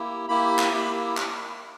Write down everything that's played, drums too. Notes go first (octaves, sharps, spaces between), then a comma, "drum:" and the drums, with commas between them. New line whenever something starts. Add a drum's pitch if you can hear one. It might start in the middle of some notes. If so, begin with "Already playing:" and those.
Already playing: A#3 E4 G4
A#3 E4 G4 B5
drum: clap
A#3 E4 G4
drum: clap